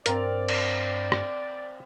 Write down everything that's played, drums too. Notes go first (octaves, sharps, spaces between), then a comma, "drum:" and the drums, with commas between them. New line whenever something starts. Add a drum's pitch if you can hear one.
G2 C4 A#4 D5 F5, drum: hi-hat
drum: cymbal
drum: rim click